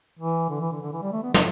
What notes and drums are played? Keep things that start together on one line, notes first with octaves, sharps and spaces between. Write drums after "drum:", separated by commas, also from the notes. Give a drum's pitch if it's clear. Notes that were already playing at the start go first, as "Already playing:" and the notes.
E3
D3
E3
D3
D3
E3
G3
A3
B3
D4, drum: snare